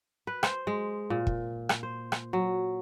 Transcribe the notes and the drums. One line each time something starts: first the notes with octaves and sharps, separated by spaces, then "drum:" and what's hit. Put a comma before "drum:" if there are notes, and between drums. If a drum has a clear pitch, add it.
B4
C5, drum: rim click
G#3
A#2
drum: kick
drum: rim click
C5
drum: rim click
F#3